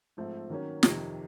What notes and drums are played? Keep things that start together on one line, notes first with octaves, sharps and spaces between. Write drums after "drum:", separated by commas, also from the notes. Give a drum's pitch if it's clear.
G#2 F3 A3 C4
D#3 F#3 A#3 C#4
F2 C3 D#3, drum: snare